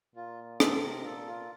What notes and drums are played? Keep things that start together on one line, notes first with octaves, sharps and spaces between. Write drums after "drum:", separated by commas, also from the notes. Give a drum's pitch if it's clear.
A#2 F4
C3 A4, drum: rim click
A#4
A#2 A4
F4